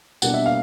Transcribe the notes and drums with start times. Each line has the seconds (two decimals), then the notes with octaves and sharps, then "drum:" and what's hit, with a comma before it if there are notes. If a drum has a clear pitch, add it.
0.22 B2 G3 A#3 D4 F#5, drum: tambourine
0.34 E5
0.46 F5